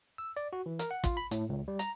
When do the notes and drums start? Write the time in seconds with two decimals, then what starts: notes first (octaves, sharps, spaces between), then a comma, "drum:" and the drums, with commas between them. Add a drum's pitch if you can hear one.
0.18 E6
0.37 D5
0.53 F#4
0.66 E3
0.79 A#4, drum: hi-hat
0.91 F#5
1.04 F4, drum: kick, hi-hat
1.17 B5
1.31 A2, drum: hi-hat
1.49 C#2
1.68 G3
1.79 A#5, drum: hi-hat